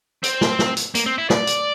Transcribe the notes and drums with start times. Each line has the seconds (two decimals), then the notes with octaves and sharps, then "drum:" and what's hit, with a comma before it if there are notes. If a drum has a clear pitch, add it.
0.24 C4, drum: hi-hat
0.41 drum: snare
0.59 drum: snare
0.77 drum: hi-hat
0.95 A#3, drum: hi-hat
1.06 C4
1.18 E4
1.30 D5, drum: snare
1.47 drum: hi-hat